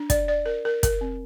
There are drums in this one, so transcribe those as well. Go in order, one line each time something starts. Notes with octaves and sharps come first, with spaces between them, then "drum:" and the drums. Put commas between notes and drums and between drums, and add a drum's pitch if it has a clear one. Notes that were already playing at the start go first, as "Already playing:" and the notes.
Already playing: D4
D5, drum: kick, hi-hat
D5
A#4
A#4
A#4, drum: kick, hi-hat
C4